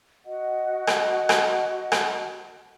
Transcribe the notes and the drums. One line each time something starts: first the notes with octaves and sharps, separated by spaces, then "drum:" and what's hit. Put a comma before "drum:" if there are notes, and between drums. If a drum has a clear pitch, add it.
F#4 D#5 F#5
drum: rim click
drum: rim click
drum: rim click